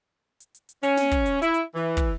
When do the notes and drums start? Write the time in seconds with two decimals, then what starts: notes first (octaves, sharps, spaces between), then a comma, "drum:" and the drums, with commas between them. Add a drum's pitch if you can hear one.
0.40 drum: hi-hat
0.55 drum: hi-hat
0.69 drum: hi-hat
0.83 C#4, drum: hi-hat
0.97 drum: snare
1.11 drum: kick, hi-hat
1.26 drum: hi-hat
1.42 E4, drum: hi-hat
1.54 drum: hi-hat
1.75 E3
1.97 drum: kick, hi-hat